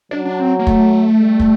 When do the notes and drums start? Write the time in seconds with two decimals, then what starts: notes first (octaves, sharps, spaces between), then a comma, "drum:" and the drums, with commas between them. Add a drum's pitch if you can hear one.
0.11 F#3 D4
0.25 D4
0.40 C4
0.59 A#3
0.67 A3, drum: kick
1.21 G3
1.40 drum: kick